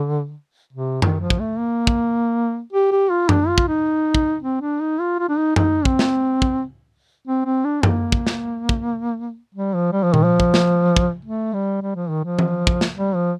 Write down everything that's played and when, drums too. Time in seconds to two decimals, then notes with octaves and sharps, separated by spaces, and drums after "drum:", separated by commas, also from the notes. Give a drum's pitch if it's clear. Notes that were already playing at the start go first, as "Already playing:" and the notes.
Already playing: D3
0.73 C3
1.02 D#3, drum: tom F#2
1.20 F3
1.30 drum: kick
1.39 A3
1.58 A#3
1.87 drum: kick
2.73 G4
2.92 G4
3.10 F4
3.29 D4, drum: tom F#2
3.48 F4
3.58 drum: kick
3.68 D#4
4.15 drum: kick
4.42 C4
4.61 D4
4.81 D#4
5.00 F4
5.19 F4
5.29 D4
5.38 D#4
5.56 D#4, drum: tom F#2
5.85 C4, drum: kick
5.99 drum: snare
6.42 drum: kick
7.27 C4
7.45 C4
7.65 D4
7.83 A#3, drum: tom F#2
8.12 drum: kick
8.27 drum: snare
8.69 drum: kick
9.55 G3
9.74 F3
9.92 G3
10.03 F3
10.14 D#3, drum: tom A#2
10.24 F3
10.40 drum: kick
10.54 drum: snare
10.96 drum: kick
11.25 A3
11.54 G3
11.82 G3
11.95 F3
12.10 D#3
12.24 F3
12.39 drum: tom E3
12.67 drum: kick
12.81 drum: snare
12.96 G3
13.15 F3